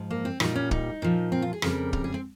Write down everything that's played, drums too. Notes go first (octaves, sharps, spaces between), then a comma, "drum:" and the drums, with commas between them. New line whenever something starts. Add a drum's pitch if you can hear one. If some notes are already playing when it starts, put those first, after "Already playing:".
Already playing: G#2 F3
A#3
C4
A#2 G3 D#4, drum: rim click
C#4
D#4, drum: kick
A#2 F3
C4
F4
G#4
F2 C#3 G3 A#4, drum: rim click
A#4, drum: kick
G#4
C4